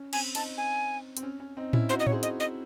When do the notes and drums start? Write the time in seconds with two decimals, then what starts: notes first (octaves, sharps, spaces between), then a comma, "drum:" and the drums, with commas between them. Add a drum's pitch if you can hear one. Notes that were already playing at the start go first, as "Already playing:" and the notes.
Already playing: C#4
0.13 C4 G#5, drum: cymbal
0.35 C4 D#4 A5, drum: cymbal
0.58 G#5
1.17 C4, drum: hi-hat
1.23 C#4
1.40 C#4
1.57 C4 D#4
1.73 C#4 E4, drum: tom A2
1.89 D#4 F#4 C5
2.00 D#5
2.07 C#5, drum: tom A2
2.12 G#4 C5
2.23 D#5, drum: hi-hat
2.40 D#5